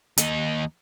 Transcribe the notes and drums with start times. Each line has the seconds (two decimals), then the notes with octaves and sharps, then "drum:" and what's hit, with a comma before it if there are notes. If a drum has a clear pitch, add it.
0.18 D#2 D#4, drum: hi-hat